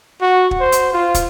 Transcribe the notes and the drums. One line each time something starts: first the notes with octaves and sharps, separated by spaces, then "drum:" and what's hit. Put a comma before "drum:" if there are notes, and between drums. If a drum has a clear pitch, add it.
F#4
drum: kick
C5
drum: hi-hat
F4
drum: kick, hi-hat